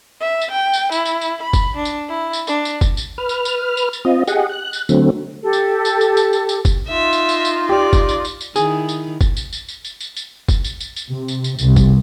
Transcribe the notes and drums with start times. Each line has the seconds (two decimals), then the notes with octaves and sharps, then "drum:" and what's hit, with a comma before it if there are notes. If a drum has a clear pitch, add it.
0.20 E5
0.42 drum: tambourine
0.51 G5
0.73 drum: tambourine
0.92 E4, drum: tambourine
1.05 drum: tambourine
1.21 drum: tambourine
1.42 B5
1.53 drum: kick F#1, tambourine
1.76 D4
1.85 drum: tambourine
2.09 E4
2.33 drum: tambourine
2.47 D4, drum: tambourine
2.65 drum: tambourine
2.81 drum: kick F#1, tambourine
2.97 drum: tambourine
3.18 B4 F6
3.29 drum: tambourine
3.45 drum: tambourine
3.77 drum: tambourine
3.93 drum: tambourine
4.05 C4 F4 D#5
4.27 G4 G#4 D#5 F#5, drum: tambourine
4.49 F#6
4.73 drum: tambourine
4.89 D3 F#3 A3 C4, drum: tambourine
5.43 G4 A4
5.53 drum: tambourine
5.85 drum: tambourine
6.01 drum: tambourine
6.17 drum: tambourine
6.33 drum: tambourine
6.49 drum: tambourine
6.65 drum: kick F#1, tambourine
6.89 D#4 F4 E5
7.13 drum: tambourine
7.29 drum: tambourine
7.45 drum: tambourine
7.69 G4 D5
7.93 drum: kick F#1, tambourine
8.09 drum: tambourine
8.25 drum: tambourine
8.41 drum: tambourine
8.56 D#3 E4 G#4, drum: tambourine
8.89 drum: tambourine
9.21 drum: kick F#1, tambourine
9.37 drum: tambourine
9.53 drum: tambourine
9.69 drum: tambourine
9.85 drum: tambourine
10.01 drum: tambourine
10.17 drum: tambourine
10.48 drum: kick F#1, tambourine
10.64 drum: tambourine
10.80 drum: tambourine
10.96 drum: tambourine
11.06 C3
11.28 drum: tambourine
11.44 drum: tambourine
11.59 C2, drum: tambourine
11.76 drum: kick F#1, tambourine